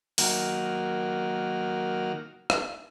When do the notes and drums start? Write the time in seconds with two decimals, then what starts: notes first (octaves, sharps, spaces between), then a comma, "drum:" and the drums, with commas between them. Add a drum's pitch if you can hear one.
0.18 D#3 F#3 A#3 F#4 F6, drum: open hi-hat
2.50 drum: rim click